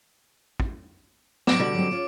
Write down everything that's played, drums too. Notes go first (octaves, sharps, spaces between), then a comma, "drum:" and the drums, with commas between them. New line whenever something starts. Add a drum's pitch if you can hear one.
drum: kick
A2 F#3 D4 D6 D7, drum: snare
B2 D3 G3 F#4
F#3 G#3 C4
C#4 F4 C#5